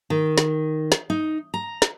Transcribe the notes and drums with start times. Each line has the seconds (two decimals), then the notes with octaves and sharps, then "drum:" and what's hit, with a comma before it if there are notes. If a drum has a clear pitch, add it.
0.10 D#3
0.38 drum: snare
0.92 drum: snare
1.10 D#4
1.54 A#5
1.82 drum: snare